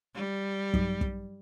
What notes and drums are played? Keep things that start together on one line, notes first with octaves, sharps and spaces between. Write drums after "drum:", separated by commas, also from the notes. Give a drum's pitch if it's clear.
G3
G2 F#3 D#4, drum: kick
drum: kick